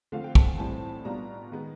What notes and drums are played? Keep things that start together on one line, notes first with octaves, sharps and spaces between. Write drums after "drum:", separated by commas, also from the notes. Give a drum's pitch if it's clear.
D3 F3 A3 C4 F5
G5
A5, drum: kick
G#5
A2 E3 G3 C4 A5
B2 G3 B3 D4 F4 A#5
D#3 G#3 B3